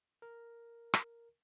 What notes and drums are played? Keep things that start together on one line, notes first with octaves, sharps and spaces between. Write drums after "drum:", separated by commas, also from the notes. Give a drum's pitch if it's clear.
A#4
drum: rim click